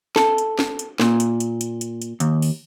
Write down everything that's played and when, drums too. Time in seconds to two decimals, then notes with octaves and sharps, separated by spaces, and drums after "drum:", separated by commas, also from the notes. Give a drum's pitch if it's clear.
0.16 A4, drum: snare
0.38 drum: hi-hat
0.59 drum: snare
0.79 drum: hi-hat
1.00 A#2, drum: snare
1.20 drum: hi-hat
1.40 drum: hi-hat
1.61 drum: hi-hat
1.81 drum: hi-hat
2.02 drum: hi-hat
2.20 D#2, drum: hi-hat
2.42 drum: open hi-hat